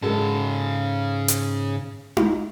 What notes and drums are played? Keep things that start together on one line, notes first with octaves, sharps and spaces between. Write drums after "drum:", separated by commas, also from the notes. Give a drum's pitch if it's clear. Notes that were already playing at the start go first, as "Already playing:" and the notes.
G#2 C#3 G#3 A4 A5
drum: hi-hat
drum: tom D#4